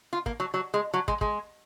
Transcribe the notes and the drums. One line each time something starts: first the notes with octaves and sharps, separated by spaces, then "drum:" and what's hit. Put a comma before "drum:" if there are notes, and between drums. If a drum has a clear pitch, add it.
F4
A#3, drum: kick
F#3
F#3
G#3
F#3
G#3, drum: kick
G#3, drum: kick